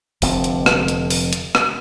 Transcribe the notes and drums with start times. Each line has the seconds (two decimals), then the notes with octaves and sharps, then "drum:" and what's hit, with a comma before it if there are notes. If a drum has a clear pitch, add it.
0.22 F1 F2 D3 C4, drum: open hi-hat
0.44 drum: hi-hat
0.66 drum: rim click
0.88 drum: hi-hat
1.10 drum: open hi-hat
1.33 drum: hi-hat
1.55 drum: rim click